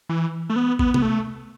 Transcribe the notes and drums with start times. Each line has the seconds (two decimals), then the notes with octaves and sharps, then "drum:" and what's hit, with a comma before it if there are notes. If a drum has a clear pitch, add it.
0.09 E3
0.50 A3
0.56 B3
0.79 B3, drum: kick G#1
0.94 B3, drum: tom C3
1.02 A3